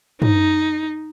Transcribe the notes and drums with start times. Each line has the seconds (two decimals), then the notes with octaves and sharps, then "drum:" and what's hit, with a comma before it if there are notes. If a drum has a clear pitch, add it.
0.22 D#4, drum: tom